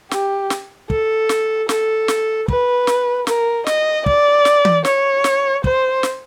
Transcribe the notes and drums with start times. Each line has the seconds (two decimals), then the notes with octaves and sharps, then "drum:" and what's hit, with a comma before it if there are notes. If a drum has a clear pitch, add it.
0.11 G4, drum: snare
0.50 drum: snare
0.90 A4, drum: kick
1.29 drum: snare
1.69 A4, drum: snare
2.08 drum: snare
2.48 B4, drum: kick
2.87 drum: snare
3.27 A#4, drum: snare
3.67 D#5, drum: snare
4.06 D5, drum: kick
4.45 drum: snare
4.65 drum: tom E3
4.85 C#5, drum: snare
5.24 drum: snare
5.64 C5, drum: kick
6.03 drum: snare